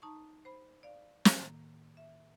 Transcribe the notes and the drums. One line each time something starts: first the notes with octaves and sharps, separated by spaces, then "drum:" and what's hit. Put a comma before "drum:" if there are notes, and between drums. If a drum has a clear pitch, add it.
D#4 A5 A#5 C#6
C5 B5
D5 F5
drum: snare
A2 D#3 A#3
E5